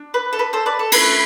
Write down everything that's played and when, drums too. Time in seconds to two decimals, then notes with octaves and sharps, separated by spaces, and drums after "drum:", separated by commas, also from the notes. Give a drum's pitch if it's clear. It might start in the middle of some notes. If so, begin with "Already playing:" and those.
Already playing: D4
0.14 B4
0.33 A4
0.39 B4
0.53 A4 C5
0.66 B4 D5
0.79 A4
0.92 A3 E4 A4 B4, drum: cymbal